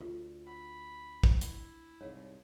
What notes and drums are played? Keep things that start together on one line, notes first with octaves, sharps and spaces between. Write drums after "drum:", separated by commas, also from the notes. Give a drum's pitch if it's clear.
D2 F4
F#5 B5
drum: kick
E4, drum: hi-hat
C2 G#2 C#5 F5